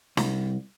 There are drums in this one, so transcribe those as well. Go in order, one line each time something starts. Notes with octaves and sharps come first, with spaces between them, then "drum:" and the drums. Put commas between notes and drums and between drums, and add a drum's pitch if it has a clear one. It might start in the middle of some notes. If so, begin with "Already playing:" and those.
C2, drum: snare